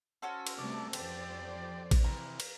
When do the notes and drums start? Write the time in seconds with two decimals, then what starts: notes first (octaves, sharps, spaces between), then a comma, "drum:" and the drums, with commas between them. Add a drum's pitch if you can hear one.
0.22 C#4 F#4 A4 C5
0.47 drum: cymbal
0.58 C3 G3 A3 D5 A5 D6
0.93 F2 G4 C5 D5, drum: cymbal
1.91 drum: kick A1, cymbal
2.04 C3 E3 A#4
2.40 drum: cymbal